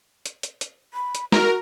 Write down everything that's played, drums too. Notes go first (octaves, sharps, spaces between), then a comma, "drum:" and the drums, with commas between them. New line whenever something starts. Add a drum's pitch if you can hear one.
drum: hi-hat
drum: hi-hat
drum: hi-hat
B5
drum: hi-hat
F#4 A#4, drum: snare